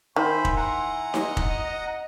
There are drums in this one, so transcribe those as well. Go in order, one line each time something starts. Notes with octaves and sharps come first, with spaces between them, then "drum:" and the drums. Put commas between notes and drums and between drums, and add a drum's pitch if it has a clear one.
D#3 E4 C5 G#5 B5 C6
drum: kick
F#5 A#5
D#5, drum: snare D#4
drum: kick